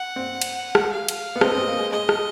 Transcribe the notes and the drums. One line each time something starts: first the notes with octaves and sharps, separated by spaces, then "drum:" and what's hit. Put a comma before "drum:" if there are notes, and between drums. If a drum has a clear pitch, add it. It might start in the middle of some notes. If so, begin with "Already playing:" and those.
Already playing: F#5
C4
drum: cymbal
drum: rim click
F5
drum: cymbal
B3
C4 D#5, drum: rim click
C4
A#3
G#3
G#3 D#5
drum: rim click